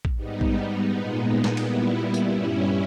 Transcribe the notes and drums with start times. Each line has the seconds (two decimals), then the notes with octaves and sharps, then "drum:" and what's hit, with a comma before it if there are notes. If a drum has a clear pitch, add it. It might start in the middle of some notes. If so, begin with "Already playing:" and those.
0.05 drum: kick
0.15 G#2 G3 B3 D#4
0.41 drum: kick
0.86 A#2 G#3 B3 D#4
1.44 drum: snare
1.57 A#2 G3 B3 E4, drum: cymbal
2.14 drum: tambourine
2.28 G2 G3 C#4 E4